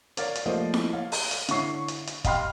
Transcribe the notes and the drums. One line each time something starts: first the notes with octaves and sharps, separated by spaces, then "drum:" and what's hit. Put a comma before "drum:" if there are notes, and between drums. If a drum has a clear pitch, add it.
A#4 C#5 D5 F5, drum: hi-hat
drum: hi-hat
F3 A3 A#3 C5 D5 D#5
drum: snare E4
C#5 F5
drum: open hi-hat
drum: hi-hat
D3 E4 C#5 C#6 C7, drum: hi-hat
drum: hi-hat
drum: hi-hat
D#5 F5 G5 B5 C6 F6, drum: kick, hi-hat